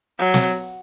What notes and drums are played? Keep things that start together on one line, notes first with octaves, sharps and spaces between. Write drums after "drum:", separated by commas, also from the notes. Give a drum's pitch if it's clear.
F#3
drum: snare